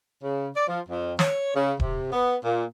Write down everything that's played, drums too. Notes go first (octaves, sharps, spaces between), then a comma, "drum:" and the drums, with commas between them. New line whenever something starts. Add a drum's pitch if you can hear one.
C#3
D5
F3
F2
C#5, drum: snare
C#3
C3, drum: kick D#1
B3
A#2